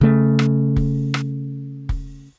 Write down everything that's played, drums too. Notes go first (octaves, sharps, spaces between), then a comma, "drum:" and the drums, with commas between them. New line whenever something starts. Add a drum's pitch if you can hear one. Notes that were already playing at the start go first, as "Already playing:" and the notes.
C#3 A3
drum: rim click
drum: kick
drum: rim click
drum: kick